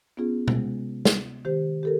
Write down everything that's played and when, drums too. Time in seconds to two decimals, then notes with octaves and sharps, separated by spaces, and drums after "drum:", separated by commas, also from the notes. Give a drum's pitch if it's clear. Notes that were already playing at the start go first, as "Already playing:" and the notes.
0.17 B3 C#4 F4 G#4
0.48 C3 G#3, drum: tom B2
1.05 drum: snare
1.45 D#3 G4 C5
1.83 G4 A4 A#4